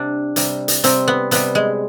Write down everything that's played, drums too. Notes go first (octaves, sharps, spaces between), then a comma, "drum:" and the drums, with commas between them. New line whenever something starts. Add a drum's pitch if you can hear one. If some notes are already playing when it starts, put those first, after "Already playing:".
Already playing: C3 G3 D4
C3 G3, drum: hi-hat
drum: hi-hat
C3 G3 C4, drum: hi-hat
B3
C3 G3 B3, drum: hi-hat
G#3